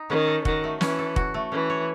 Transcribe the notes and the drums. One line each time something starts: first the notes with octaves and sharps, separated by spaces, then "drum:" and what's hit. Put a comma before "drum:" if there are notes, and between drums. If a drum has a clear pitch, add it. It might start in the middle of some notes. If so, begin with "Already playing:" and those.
Already playing: D#4
D#3 C#4
A4
D#3 F#4, drum: kick
A3
E3 C#4, drum: snare
A4
F#4, drum: kick
A3
E3 C#4
C#5